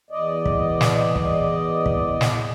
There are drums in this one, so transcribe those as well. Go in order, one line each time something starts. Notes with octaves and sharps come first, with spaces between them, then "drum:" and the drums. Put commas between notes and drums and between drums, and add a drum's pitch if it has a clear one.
E2 D5 D#5
drum: kick
drum: snare
drum: kick
drum: kick
drum: snare